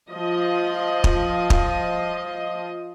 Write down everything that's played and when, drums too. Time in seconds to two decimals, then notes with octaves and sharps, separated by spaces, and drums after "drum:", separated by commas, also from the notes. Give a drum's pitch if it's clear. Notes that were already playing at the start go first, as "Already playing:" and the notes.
0.11 F3 D#5
1.04 drum: kick
1.50 drum: kick